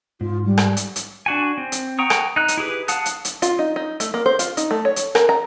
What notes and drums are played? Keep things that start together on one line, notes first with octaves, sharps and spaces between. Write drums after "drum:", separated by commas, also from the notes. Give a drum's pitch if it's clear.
G#2 F4
G3
drum: rim click
drum: hi-hat
drum: hi-hat
D4 F#4 G#5
C4
drum: hi-hat
F#5 G5 A#5 C#6 D#6
drum: rim click
D#4 F#6
drum: hi-hat
E4 G4 G#4 B4
F5 F#5 A5 D#6 F#6, drum: hi-hat
drum: hi-hat
drum: hi-hat
F4, drum: hi-hat
D#4
D#4
A3, drum: hi-hat
A#3
C5
F4, drum: hi-hat
D#4, drum: hi-hat
A3
C#5
drum: hi-hat
A#4, drum: rim click
A#5